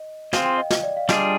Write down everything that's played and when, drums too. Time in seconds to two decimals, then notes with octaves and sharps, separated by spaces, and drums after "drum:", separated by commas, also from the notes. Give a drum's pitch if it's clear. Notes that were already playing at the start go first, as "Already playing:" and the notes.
Already playing: D#5
0.33 C4 F4 G#4 C5 F5, drum: snare
0.45 G5
0.58 D#5
0.71 D#5, drum: snare
0.83 D5
0.97 F5
1.09 G3 D4 F4 G#4 D#5, drum: snare